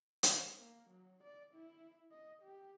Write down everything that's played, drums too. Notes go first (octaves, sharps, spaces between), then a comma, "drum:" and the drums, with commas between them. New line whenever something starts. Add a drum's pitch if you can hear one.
drum: hi-hat
A#3
F#3
D5
E4
D#5
G4